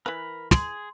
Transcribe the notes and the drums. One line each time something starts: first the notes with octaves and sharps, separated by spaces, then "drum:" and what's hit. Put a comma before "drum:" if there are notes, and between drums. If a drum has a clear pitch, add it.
E3 A#4 B4 B5
G#4 C6, drum: snare